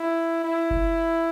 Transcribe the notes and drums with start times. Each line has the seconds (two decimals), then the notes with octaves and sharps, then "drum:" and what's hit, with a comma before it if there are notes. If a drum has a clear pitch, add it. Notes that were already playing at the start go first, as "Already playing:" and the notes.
Already playing: E4
0.44 E4
0.71 drum: kick F#1